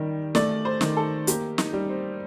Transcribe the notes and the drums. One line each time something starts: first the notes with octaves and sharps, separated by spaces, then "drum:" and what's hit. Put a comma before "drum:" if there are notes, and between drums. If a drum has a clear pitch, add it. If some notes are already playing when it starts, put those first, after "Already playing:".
Already playing: D#3 G3
A3 D5, drum: snare
C5
D#3, drum: snare
A4
A#3 G4, drum: hi-hat
D#4, drum: snare
G3
C4